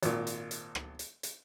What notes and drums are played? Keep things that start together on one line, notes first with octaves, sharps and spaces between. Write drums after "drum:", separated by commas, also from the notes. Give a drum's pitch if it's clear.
G#1 A#2, drum: hi-hat
drum: hi-hat
drum: hi-hat
drum: rim click
drum: hi-hat
drum: hi-hat